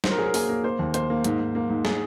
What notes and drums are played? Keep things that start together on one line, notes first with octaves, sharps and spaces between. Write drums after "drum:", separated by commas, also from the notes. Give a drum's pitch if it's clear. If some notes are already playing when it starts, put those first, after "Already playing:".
F#3 C5, drum: snare
A#4
F#3 G#4
A#4
A#3 G#4, drum: open hi-hat
A#3 A#4
A#3 C5
D#2
A#3 C5, drum: hi-hat
A#3
G#2, drum: hi-hat
G#2
A#3
G#2
G#4, drum: snare